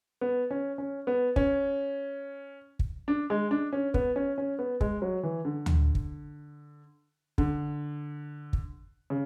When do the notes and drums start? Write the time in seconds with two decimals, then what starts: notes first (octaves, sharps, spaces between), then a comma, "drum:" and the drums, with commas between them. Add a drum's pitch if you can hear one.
0.21 B3
0.51 C#4
0.78 C#4
1.07 B3
1.36 C#4, drum: kick
2.79 drum: kick
3.08 D4
3.30 G#3
3.51 D4
3.73 C#4
3.94 B3, drum: kick
4.16 C#4
4.38 C#4
4.59 B3
4.81 G#3, drum: kick
5.02 F#3
5.23 E3
5.45 D3
5.66 drum: tom D2
5.95 drum: kick
7.38 D3, drum: kick
8.53 drum: kick
9.10 C#3